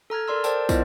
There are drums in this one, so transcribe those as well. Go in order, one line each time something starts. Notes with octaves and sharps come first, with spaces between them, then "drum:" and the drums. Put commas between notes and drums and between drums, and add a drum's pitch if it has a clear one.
A4 A#5 F6 G#6
A4 A#4 D5 C6 E6
A#4 C5 D5 G5 A5, drum: tambourine
B3 E4 F4 C5 D#5, drum: kick, tambourine